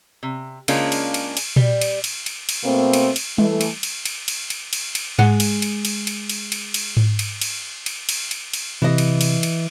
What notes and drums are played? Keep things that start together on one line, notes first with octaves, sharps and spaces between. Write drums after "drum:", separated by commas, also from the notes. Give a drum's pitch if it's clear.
C3
C#3 G#3 A#3 C#4 D4 F4, drum: cymbal
drum: cymbal
drum: cymbal
drum: cymbal
G3, drum: tom A#2
drum: cymbal
drum: cymbal
drum: cymbal
drum: cymbal
B2 A3 A#3 C4
drum: cymbal
drum: cymbal
E3 A3, drum: tom G3
drum: cymbal
drum: cymbal
drum: cymbal
drum: cymbal
drum: cymbal
drum: cymbal
drum: cymbal
G#3 F#5, drum: tom G#2
drum: cymbal
drum: cymbal
drum: cymbal
drum: cymbal
drum: cymbal
drum: cymbal
drum: cymbal
drum: tom G#2
drum: cymbal
drum: cymbal
drum: cymbal
drum: cymbal
drum: cymbal
drum: cymbal
C3 E3 D#5
drum: cymbal
drum: cymbal
drum: cymbal